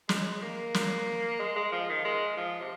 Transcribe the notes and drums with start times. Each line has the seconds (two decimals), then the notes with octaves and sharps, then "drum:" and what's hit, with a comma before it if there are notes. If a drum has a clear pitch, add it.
0.09 G#3, drum: snare
0.42 A#3
0.74 drum: snare
1.39 G#3
1.56 G#3
1.72 F3
1.89 D#3
2.05 G#3
2.37 F3
2.60 C3